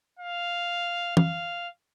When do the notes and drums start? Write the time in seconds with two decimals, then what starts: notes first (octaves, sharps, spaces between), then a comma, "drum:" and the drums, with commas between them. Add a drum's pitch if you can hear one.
0.19 F5
1.17 F5, drum: tom